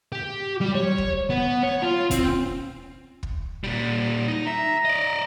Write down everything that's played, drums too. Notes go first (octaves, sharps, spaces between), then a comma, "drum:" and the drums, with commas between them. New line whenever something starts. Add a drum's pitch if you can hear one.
G4
G3
C#5
drum: kick
B3
C#5
F4
C4, drum: kick, hi-hat
drum: kick
A#2 G3
D#4
E5 A#5
D5 D#5